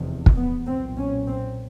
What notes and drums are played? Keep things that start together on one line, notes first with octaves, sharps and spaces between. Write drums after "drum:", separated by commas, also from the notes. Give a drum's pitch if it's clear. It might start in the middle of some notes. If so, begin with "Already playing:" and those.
Already playing: F1 E2 C3
drum: kick
B3
B1 A#2 C4
C#4
C4